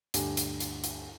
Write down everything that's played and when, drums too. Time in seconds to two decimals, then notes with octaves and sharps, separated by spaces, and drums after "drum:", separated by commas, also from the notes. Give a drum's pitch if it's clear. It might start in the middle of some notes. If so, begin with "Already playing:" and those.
0.14 D2 G2 G4 G#5, drum: hi-hat
0.37 drum: hi-hat
0.60 drum: hi-hat
0.84 drum: hi-hat